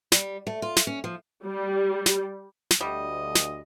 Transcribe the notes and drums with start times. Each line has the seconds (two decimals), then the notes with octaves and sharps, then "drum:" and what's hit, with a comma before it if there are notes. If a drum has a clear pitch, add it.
0.12 G3, drum: snare
0.47 A3
0.62 F4
0.76 drum: snare
0.87 C#4
1.04 F3
1.44 G3
2.06 drum: snare
2.71 drum: snare
2.81 D2 G3 D#5
3.35 drum: snare